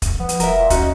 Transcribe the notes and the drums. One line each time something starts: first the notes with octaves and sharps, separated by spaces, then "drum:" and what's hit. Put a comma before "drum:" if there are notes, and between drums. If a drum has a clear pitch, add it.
F2, drum: kick, hi-hat
F3 B3
drum: hi-hat
E1 A#4 E5, drum: hi-hat
A#2
D#2 C#4 D#4 F#4, drum: kick, hi-hat